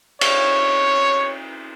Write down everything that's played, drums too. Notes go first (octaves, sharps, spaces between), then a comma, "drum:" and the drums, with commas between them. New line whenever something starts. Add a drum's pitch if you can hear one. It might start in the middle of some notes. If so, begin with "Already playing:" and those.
C#5, drum: cymbal